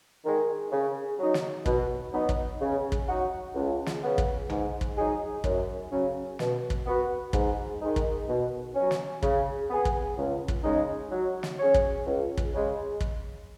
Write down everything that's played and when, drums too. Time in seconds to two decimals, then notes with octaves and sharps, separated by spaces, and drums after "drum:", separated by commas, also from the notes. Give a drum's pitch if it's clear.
0.24 D#3 G#3
0.71 C#3
1.18 F#3 D#4
1.34 drum: snare
1.66 B2, drum: kick
2.13 F#3 B3 D#4
2.29 drum: kick
2.60 C#3
2.92 drum: kick
3.08 F#3 D#4 F#4
3.55 C#2
3.86 drum: snare
4.02 C#3 B3
4.18 drum: kick
4.50 G#2, drum: tom A#1
4.81 drum: kick
4.97 F#3 D#4 G#4
5.44 F#2, drum: kick
5.91 C#3 F#3 C#4
6.39 B2, drum: snare
6.70 drum: kick
6.86 B3 F#4 B4
7.33 G#2, drum: kick
7.81 D#3 G#3 D#4
7.96 drum: kick
8.28 B2
8.75 F#3 C#4
8.91 drum: snare
9.23 C#3, drum: kick
9.70 B3 G#4
9.85 drum: kick
10.17 C#2
10.48 drum: kick
10.64 C#3 G#3 D#4
11.11 F#3
11.43 drum: snare
11.59 C#4 G#4 C#5
11.74 drum: kick
12.06 C#2
12.37 drum: kick
12.54 C#3 G#3
13.01 drum: kick